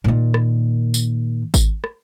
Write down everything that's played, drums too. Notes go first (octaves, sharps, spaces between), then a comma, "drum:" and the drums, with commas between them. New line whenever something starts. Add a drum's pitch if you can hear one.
A#2 D#3
drum: rim click
drum: tambourine
drum: kick G#1, tambourine
drum: rim click